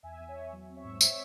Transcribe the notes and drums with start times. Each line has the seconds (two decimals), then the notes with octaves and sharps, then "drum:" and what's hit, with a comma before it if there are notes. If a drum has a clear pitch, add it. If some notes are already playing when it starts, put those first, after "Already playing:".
0.03 E2 E5 G#5
0.20 E2
0.28 C#5 E5
0.35 E2
0.52 F#3
0.69 C4
0.76 C#5 E5
0.84 G#2
1.01 C4 C#5 E5, drum: tambourine